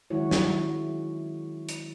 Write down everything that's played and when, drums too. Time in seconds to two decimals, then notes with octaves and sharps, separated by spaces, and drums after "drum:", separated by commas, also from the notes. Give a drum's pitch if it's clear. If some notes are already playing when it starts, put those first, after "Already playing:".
0.10 D#3 F#3 G#3 E4 F#4 C#5
0.31 drum: snare
1.69 drum: hi-hat